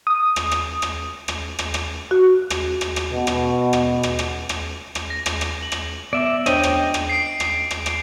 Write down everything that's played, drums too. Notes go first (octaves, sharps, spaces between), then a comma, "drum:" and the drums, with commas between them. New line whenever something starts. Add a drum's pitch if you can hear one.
D#6
drum: rim click
drum: rim click
drum: rim click
drum: rim click
drum: rim click
drum: rim click
F#4
drum: rim click
drum: rim click
drum: rim click
B2
drum: rim click
drum: rim click
drum: rim click
drum: rim click
drum: rim click
drum: rim click
A#6
drum: rim click
drum: rim click
F#7
drum: rim click
B3 D5 E5
D4 C5 C#5 D#5 G5, drum: rim click
drum: rim click
drum: rim click
C7 D7
drum: rim click
drum: rim click
drum: rim click